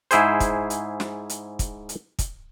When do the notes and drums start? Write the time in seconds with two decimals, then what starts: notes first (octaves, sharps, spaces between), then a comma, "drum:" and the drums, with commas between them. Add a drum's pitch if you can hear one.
0.11 G#2 E4 G#4 C5, drum: hi-hat
0.40 drum: kick, hi-hat
0.70 drum: hi-hat
1.00 drum: snare
1.29 drum: hi-hat
1.59 drum: kick, hi-hat
1.89 drum: hi-hat
2.19 drum: kick, hi-hat